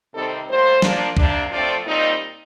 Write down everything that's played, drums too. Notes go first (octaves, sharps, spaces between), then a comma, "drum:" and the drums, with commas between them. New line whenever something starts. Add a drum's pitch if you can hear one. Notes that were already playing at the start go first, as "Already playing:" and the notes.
C3 D#3 G3 C4 D#4 A4
A2 G3 A#3 C5
F3 A#3 D4, drum: snare
C3 G3 A#3 D4, drum: kick
F3 A3 C4 D5
A#2 G3 C4 D#4